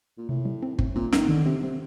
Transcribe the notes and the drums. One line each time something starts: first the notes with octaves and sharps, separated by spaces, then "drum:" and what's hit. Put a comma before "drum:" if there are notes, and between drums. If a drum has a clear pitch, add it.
A#2
A2 C3
G3
C4
C4, drum: kick G1
A#2 C4
D#3 G3, drum: snare
D3 D#3
C3 C4
C3 G3